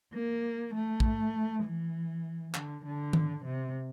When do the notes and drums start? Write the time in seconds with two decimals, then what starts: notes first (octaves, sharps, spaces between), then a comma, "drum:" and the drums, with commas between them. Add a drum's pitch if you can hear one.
0.14 A#3
0.74 A3
1.00 drum: kick
1.64 E3
2.55 D3, drum: clap
2.85 D3
3.13 drum: tom D#3
3.45 C3